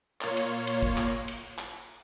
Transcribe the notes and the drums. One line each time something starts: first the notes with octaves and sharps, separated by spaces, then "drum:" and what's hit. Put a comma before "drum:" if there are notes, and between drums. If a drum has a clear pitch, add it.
A#2 A#3 F4 C#5, drum: clap
drum: cymbal
drum: cymbal
drum: kick
drum: clap
drum: cymbal
drum: clap